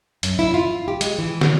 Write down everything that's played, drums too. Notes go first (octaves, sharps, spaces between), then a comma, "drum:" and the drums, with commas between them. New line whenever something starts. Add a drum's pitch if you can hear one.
F#2, drum: hi-hat
E4
F4
G4
G#3, drum: hi-hat
E3
F#4, drum: snare